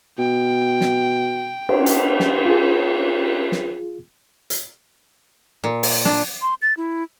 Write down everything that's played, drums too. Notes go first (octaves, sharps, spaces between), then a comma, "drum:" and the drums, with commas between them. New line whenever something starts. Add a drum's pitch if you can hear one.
B2 G5
drum: snare
drum: cymbal
drum: hi-hat
drum: snare
F4 G#4
drum: snare
drum: hi-hat
A#2
drum: open hi-hat
D4, drum: snare
C6
A6
E4